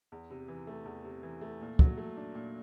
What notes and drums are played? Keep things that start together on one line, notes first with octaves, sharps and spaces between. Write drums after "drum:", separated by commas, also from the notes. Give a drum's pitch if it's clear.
E2
C3
E3
A3
E2
C3
E3
A3
A#2
F#3, drum: kick
A3
D4
A#2